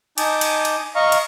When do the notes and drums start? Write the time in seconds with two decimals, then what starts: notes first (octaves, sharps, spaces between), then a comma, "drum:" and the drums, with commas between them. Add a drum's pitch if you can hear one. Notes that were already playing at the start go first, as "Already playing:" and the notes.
0.18 D#4 G#5 A5 D6 D#6 G6, drum: cymbal
0.41 drum: cymbal
0.65 drum: cymbal
0.95 D#5 F5 A#5 C#6
1.12 drum: cymbal